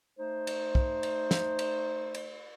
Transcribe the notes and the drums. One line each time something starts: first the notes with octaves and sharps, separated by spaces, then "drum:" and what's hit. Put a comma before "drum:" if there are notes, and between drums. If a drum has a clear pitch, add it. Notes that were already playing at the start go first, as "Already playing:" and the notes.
A3 D#4 C5
drum: cymbal
drum: kick
drum: cymbal
drum: snare
drum: cymbal
drum: cymbal